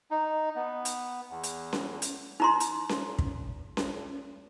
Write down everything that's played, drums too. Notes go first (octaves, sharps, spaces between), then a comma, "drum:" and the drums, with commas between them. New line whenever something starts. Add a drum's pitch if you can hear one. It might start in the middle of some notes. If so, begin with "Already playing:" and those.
D#4
B3
drum: hi-hat
E2
drum: hi-hat
drum: snare C#4
drum: hi-hat
D#4 A#5 C6
drum: hi-hat
drum: snare C#4
drum: kick
drum: snare C#4